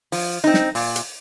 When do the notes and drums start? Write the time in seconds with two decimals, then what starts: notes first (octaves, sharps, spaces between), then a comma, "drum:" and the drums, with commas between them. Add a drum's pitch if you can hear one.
0.12 F3, drum: open hi-hat
0.44 C4 D#4
0.54 drum: snare
0.75 A#2, drum: open hi-hat
0.96 drum: hi-hat